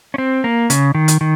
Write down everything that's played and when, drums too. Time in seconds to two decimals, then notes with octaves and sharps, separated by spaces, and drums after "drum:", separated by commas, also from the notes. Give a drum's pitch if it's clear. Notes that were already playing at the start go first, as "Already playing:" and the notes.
0.14 C#4
0.18 C4
0.44 A#3
0.70 C#3, drum: hi-hat
0.95 D#3
1.08 drum: hi-hat
1.21 D#3